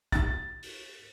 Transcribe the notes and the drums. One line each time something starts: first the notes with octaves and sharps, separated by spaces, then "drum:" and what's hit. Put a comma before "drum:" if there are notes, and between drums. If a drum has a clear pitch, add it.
A6, drum: kick, hi-hat
drum: open hi-hat